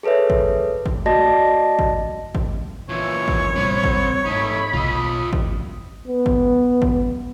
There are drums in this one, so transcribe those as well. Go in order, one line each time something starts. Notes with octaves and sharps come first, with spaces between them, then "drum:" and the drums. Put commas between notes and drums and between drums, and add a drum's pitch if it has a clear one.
G#4 A4 B4 C#5 E5
drum: kick G#1
drum: kick G#1
A3 F#4 D5 D#5 A5 A#6
drum: kick G#1
drum: kick G#1
A#2 E3 C#5
drum: kick G#1
A#2 G3 C4 B5
drum: kick G#1
G#2 A3 D#4 B5
B1 B2 F4 D#5
drum: kick G#1
B3
drum: kick G#1
drum: kick G#1